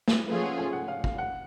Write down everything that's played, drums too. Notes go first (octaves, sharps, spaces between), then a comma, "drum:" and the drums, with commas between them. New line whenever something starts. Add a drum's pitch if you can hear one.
drum: snare
F3 A3 C#4 F4 G#4 B4
F#5
G#5
F#5
F5
F5, drum: kick
F#5